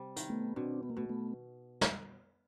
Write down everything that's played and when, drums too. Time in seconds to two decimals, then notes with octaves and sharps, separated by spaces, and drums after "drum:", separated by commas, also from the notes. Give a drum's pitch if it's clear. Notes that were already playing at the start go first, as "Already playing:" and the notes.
Already playing: C3 G3
0.16 D#3, drum: hi-hat
0.30 A3 B3
0.56 B2 C4 D4
0.83 B3
0.90 A#3
0.97 B2 A3 B3
1.09 A3 B3
1.81 drum: snare